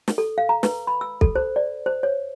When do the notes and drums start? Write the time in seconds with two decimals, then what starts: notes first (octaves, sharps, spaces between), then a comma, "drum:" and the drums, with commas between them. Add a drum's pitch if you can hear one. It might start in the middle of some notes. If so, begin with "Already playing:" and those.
0.08 drum: snare
0.18 A4
0.38 F5
0.49 A#5
0.63 B4, drum: snare
0.87 B5
1.01 E6
1.21 A4, drum: kick
1.36 C5
1.56 D5
1.86 C5
2.03 C#5